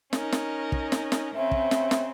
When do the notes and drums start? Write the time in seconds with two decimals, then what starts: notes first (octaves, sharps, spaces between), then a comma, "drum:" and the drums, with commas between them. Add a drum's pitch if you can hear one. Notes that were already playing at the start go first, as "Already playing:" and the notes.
0.13 C#4 D#4 A#4, drum: snare
0.32 drum: snare
0.72 drum: kick
0.92 drum: snare
1.12 drum: snare
1.35 C#3 C4 E5
1.51 drum: kick
1.71 drum: snare
1.91 drum: snare